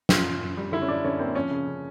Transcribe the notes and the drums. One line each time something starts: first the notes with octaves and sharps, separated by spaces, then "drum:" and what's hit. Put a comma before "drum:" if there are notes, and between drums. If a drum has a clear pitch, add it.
F#2 F4, drum: snare
F#2
F#2
G3
D3 E4
C#4
F#2 D4
D3 C#4
A#3 C4
F3 C#4
C#3
C#3